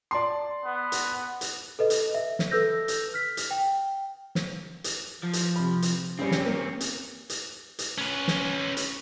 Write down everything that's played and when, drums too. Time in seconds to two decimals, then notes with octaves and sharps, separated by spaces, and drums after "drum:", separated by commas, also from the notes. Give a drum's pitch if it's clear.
0.11 D5 A5 C6
0.65 B3
0.92 drum: hi-hat
1.41 drum: hi-hat
1.79 A4 B4 D#5
1.90 drum: hi-hat
2.15 E5
2.39 drum: snare
2.51 A4 B4 E6 G6 A#6
2.88 drum: hi-hat
3.14 F6 B6
3.37 drum: hi-hat
3.51 G5
4.35 drum: snare
4.84 drum: hi-hat
5.23 F3
5.33 drum: hi-hat
5.56 C3 B5
5.82 drum: hi-hat
6.19 C#3 G3 C4 C#4
6.31 drum: snare
6.46 A#3
6.80 drum: hi-hat
7.30 drum: hi-hat
7.79 drum: hi-hat
7.98 C#4 B4
8.28 drum: snare
8.77 drum: hi-hat